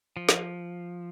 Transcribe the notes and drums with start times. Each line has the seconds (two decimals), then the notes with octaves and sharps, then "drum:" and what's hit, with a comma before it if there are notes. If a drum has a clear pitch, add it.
0.17 F3
0.29 drum: snare